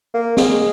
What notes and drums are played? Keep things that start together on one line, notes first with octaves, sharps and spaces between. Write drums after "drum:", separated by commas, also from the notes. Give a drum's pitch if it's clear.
A#3
G#3, drum: snare